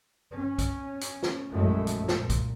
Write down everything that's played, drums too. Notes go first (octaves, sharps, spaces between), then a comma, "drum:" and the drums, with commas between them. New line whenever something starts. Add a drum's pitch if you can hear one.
C#4
drum: kick B1, hi-hat
drum: hi-hat
drum: snare
A#1 F#2 A2 G#3 A3
drum: hi-hat
A#2, drum: snare
drum: kick B1, hi-hat